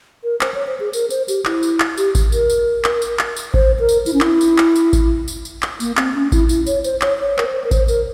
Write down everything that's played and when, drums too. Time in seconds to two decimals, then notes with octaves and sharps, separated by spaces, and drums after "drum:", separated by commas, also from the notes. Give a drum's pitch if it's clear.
0.24 A#4
0.41 C5, drum: clap
0.54 C#5
0.67 C5
0.80 G#4
0.93 A#4, drum: tambourine
1.10 C5, drum: tambourine
1.28 G4, drum: tambourine
1.45 E4, drum: clap
1.63 drum: tambourine
1.80 drum: clap
1.98 G4, drum: tambourine
2.15 drum: kick G#1, tambourine
2.32 A#4, drum: tambourine
2.50 drum: tambourine
2.84 drum: clap
3.02 drum: tambourine
3.19 drum: clap
3.36 drum: tambourine
3.54 C5, drum: kick G#1
3.80 A#4
3.89 drum: tambourine
4.06 E4, drum: tambourine
4.13 C#4
4.21 E4, drum: clap
4.41 drum: tambourine
4.58 drum: clap
4.76 drum: tambourine
4.93 drum: kick G#1, tambourine
5.28 drum: tambourine
5.45 drum: tambourine
5.62 drum: clap
5.80 A#3, drum: tambourine
5.97 C4, drum: clap
6.15 C#4
6.32 E4, drum: kick G#1, tambourine
6.49 E4, drum: tambourine
6.66 C#5, drum: tambourine
6.84 C5, drum: tambourine
7.01 C#5, drum: clap
7.19 C#5
7.38 A#4, drum: clap
7.45 C5
7.64 A#4
7.71 C5, drum: kick G#1, tambourine
7.88 A#4, drum: tambourine